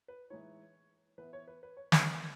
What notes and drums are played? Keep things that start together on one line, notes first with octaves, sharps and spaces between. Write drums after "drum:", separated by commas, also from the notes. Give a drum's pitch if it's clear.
B4
E3 G#3 D#4 C#5
E3 B3 E4 B4
C#5
B4
B4
C#5
C#5, drum: snare
D#3 G#3 B3 E4 D#5